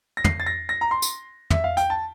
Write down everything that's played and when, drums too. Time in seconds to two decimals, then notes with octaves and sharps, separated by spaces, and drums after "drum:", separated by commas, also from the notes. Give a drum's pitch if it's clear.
0.17 A#6
0.24 C7, drum: tom
0.40 A6
0.46 A#6
0.69 A#6
0.81 A#5
0.91 C6
1.02 drum: tambourine
1.50 E5, drum: tom
1.64 F5
1.77 G5, drum: hi-hat
1.90 A5